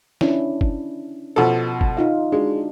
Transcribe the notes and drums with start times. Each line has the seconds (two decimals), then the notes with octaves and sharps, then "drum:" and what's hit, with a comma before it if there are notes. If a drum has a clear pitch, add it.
0.21 C#4 D4 E4, drum: snare
0.61 drum: kick
1.36 B2 F3 A4
1.81 drum: kick
1.97 D#4 F4 F5
2.32 G#3 D4 F#4